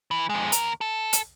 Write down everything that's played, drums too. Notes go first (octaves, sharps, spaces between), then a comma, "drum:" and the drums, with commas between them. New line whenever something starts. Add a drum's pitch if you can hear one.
E3
F2 G#3
D#2 A#4, drum: hi-hat
A4
drum: hi-hat